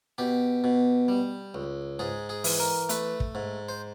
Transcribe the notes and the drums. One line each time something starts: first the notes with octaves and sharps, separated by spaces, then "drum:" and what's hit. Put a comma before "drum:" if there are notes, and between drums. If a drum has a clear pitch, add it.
B2 G4
B2
G3
C#2
G#2 G#4
G#4
E3, drum: open hi-hat
A#4
A3 B4, drum: hi-hat
drum: kick
G#2
C5